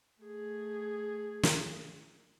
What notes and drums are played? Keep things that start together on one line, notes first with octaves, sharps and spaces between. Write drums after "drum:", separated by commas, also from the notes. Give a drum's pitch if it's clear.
A3 G#4
drum: snare